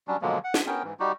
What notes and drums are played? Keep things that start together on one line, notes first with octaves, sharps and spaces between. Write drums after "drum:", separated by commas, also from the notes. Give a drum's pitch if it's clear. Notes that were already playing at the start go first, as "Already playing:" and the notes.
F#3 G3 C#4 D4
B2 D3 F3 F#3 G#3 A#3
F#5
drum: snare
B3 C#4 A#4 G5
G#2 E3
G3 D#4 F#4 G4